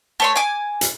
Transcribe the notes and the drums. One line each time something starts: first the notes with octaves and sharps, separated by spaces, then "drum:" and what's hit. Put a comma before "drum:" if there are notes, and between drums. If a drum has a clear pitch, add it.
A3 C#5 C6
G#5 D6
drum: hi-hat